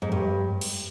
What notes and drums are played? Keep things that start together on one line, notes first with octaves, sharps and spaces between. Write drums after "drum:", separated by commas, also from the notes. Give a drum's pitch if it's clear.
G#2
G2
drum: cymbal